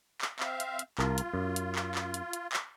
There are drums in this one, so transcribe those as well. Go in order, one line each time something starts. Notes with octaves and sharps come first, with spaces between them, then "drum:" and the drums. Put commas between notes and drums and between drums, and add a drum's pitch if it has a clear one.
drum: clap
C4 E5 F5, drum: clap
drum: hi-hat
drum: hi-hat
C2 F4 A#4 A5, drum: clap
drum: hi-hat
F#2
drum: hi-hat
drum: clap
drum: clap
drum: hi-hat
drum: hi-hat
drum: clap